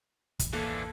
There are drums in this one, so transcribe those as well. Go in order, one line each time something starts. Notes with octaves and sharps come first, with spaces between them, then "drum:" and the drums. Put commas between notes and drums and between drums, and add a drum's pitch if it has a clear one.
E1 A1 E2, drum: kick, hi-hat
E3 A#3 D4 A4